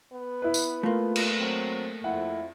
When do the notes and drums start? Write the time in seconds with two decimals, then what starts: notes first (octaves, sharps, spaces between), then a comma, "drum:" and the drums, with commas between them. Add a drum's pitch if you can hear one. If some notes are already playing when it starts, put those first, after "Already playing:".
0.13 B3
0.42 E4 B4
0.54 drum: tambourine
0.83 A3 A#3 F4
1.16 drum: cymbal
1.39 F#3 C4
2.04 F2 E4 F#5